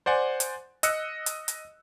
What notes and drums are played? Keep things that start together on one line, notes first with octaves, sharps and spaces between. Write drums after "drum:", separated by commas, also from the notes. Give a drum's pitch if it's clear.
C5 D5 F#5 G#5
drum: hi-hat
D#5 E6 F#6 C#7, drum: hi-hat
drum: hi-hat
drum: hi-hat